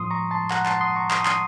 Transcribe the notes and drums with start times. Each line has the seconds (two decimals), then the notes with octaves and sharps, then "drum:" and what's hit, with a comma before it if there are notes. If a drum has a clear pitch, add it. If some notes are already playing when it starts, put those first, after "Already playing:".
Already playing: A2 F3 C6 D#6
0.11 A#5 C#6
0.31 A5 C6
0.51 F#5 A#5, drum: clap
0.66 A5 C6, drum: clap
0.81 C6 D#6
0.95 A#5 C#6
1.11 C6 D#6, drum: clap
1.26 C6 D#6, drum: clap